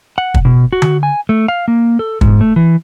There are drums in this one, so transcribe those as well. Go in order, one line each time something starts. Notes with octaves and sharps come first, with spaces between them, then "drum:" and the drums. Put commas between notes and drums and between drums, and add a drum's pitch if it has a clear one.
F#5
drum: kick
B2
F#4
drum: tom D3
G#5
A3
F5
A#3
A4
G#2, drum: kick
A3
E3